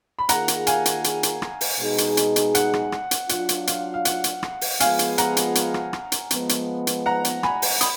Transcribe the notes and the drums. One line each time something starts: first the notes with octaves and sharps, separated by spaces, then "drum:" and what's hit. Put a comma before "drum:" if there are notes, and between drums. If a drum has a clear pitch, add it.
B5
D#3 A#3 F4 G#4 F#5 A#5, drum: hi-hat
drum: hi-hat
F5 G#5, drum: hi-hat
drum: hi-hat
drum: hi-hat
drum: hi-hat
drum: rim click
drum: open hi-hat
B2 G#3 D#4 G#4
drum: hi-hat
drum: hi-hat
drum: hi-hat
F#5, drum: hi-hat
drum: rim click
drum: rim click
drum: hi-hat
F#3 D4 F4 F#5, drum: hi-hat
drum: hi-hat
F5, drum: hi-hat
F5
F#5, drum: hi-hat
drum: hi-hat
drum: rim click
drum: open hi-hat
F3 G#3 B3 F4 G#4 F5 G#5, drum: hi-hat
drum: hi-hat
F#5 A#5, drum: hi-hat
drum: hi-hat
drum: hi-hat
drum: rim click
drum: rim click
drum: hi-hat
F3 G#3 B3, drum: hi-hat
drum: hi-hat
drum: hi-hat
F#5 A#5
drum: hi-hat
G#5 B5, drum: rim click
drum: open hi-hat
B5 D#6, drum: hi-hat